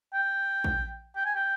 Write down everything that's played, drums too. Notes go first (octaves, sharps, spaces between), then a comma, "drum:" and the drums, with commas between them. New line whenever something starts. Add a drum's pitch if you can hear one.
G5
drum: kick A#1
G5
G#5
G5